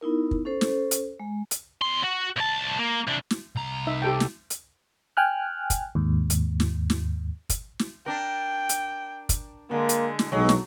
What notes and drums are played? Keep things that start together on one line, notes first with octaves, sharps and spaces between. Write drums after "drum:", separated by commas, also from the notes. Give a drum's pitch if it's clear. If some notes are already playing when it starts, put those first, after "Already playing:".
B3 D#4 E4 A#4
drum: kick
C#4 A4 C5
drum: snare
drum: hi-hat
G#3
drum: hi-hat
E2 C6
F#4
C2 A5
A#3
C3 D4
drum: snare
C2 A#5
D#4 E5
G4 A4 G5
drum: snare
drum: hi-hat
G5 G#5 F6 F#6
drum: kick, hi-hat
D#2 G#2
drum: hi-hat
drum: snare
drum: snare
drum: kick, hi-hat
drum: snare
D4 A#4 G5
drum: hi-hat
drum: kick, hi-hat
D3 G#3 A#3
drum: hi-hat
drum: snare
B1 F#3 G#3
drum: snare